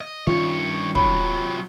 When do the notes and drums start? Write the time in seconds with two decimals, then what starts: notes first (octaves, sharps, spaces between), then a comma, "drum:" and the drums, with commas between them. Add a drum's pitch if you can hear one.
0.01 D#5
0.27 G2 D#3 G3 C#4 F4 C#5
0.95 C3 F#3 C#5 B5, drum: kick